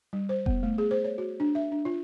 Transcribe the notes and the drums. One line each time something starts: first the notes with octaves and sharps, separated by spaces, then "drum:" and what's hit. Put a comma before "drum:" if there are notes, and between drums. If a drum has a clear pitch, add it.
G3
C5
B3, drum: kick F1
A3
G#4
C5
C#5
F#4
D4
E5
D4
F4